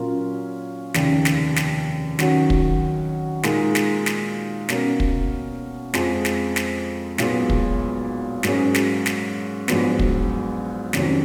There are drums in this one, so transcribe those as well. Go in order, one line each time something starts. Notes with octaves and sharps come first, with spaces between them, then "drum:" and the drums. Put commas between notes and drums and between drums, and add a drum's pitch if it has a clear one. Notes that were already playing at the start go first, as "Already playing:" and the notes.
Already playing: A#2 F#3 C#4 F4 A#4
F1 D#2 C#3, drum: snare
drum: snare
drum: snare
D#3 F#3 C#4 F#4, drum: snare
drum: kick
A#2 G#3 D#4 A#4, drum: snare
drum: snare
drum: snare
B2 A#3 C#4 F#4 A#4, drum: snare
drum: kick
F2 F3 G#3, drum: snare
drum: snare
drum: snare
B1 A#2 G#3 B3, drum: snare
drum: kick
G#2 F#3 A#3 C#4 G#4, drum: snare
drum: snare
drum: snare
A#1 G#2 F#3 B3, drum: snare
drum: kick
F1 F2 D#3 F#3 C#4, drum: snare